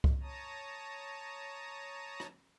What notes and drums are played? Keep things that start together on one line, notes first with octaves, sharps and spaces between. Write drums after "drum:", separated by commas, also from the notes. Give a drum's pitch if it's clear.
drum: kick C2
C#5 A5 A#5 D#6
drum: rim click